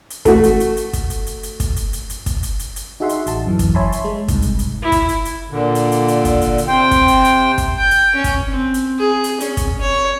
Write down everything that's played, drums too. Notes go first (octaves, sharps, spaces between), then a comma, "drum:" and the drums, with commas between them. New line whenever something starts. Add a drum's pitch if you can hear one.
drum: hi-hat
A3 F#4, drum: kick, hi-hat
drum: hi-hat
drum: hi-hat
drum: hi-hat
drum: kick, hi-hat
drum: hi-hat
drum: hi-hat
drum: hi-hat
drum: kick, hi-hat
drum: hi-hat
drum: hi-hat
drum: hi-hat
drum: kick, hi-hat
drum: hi-hat
drum: hi-hat
drum: hi-hat
D#4 F#4 G#4 E5 F#5 C6
drum: hi-hat
A1 A5, drum: hi-hat
F#2 E3
drum: kick, hi-hat
C#5 E5 G#5 A5 B5 C6
drum: hi-hat
G#3
C2 G#2, drum: kick, hi-hat
drum: hi-hat
drum: hi-hat
E4
drum: kick, hi-hat
drum: hi-hat
drum: hi-hat
A#2 D3
drum: hi-hat
drum: hi-hat
drum: hi-hat
drum: kick, hi-hat
drum: hi-hat
drum: hi-hat
C3 C5 G5
drum: kick, hi-hat
drum: hi-hat
drum: hi-hat
drum: kick, hi-hat
G5
drum: hi-hat
C#4
drum: kick, hi-hat
C4
drum: hi-hat
G#4
drum: hi-hat
C#4, drum: hi-hat
drum: kick, hi-hat
C#5